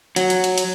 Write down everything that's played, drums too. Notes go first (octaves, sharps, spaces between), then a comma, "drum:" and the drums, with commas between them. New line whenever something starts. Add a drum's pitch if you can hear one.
F#3, drum: hi-hat
drum: hi-hat
drum: hi-hat
drum: hi-hat